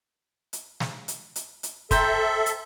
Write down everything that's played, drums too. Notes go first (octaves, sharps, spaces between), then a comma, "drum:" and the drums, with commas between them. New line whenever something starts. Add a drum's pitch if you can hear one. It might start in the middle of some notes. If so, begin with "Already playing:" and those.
drum: hi-hat
drum: snare
drum: hi-hat
drum: hi-hat
drum: hi-hat
A4 C5 E5 G5 A#5, drum: kick, hi-hat
drum: hi-hat